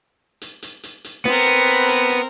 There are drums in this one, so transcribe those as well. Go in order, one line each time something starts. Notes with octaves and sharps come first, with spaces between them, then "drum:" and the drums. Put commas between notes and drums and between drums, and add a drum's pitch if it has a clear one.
drum: hi-hat
drum: hi-hat
drum: hi-hat
drum: hi-hat
B3 C4 A#4, drum: snare
drum: hi-hat
drum: hi-hat
drum: hi-hat
drum: hi-hat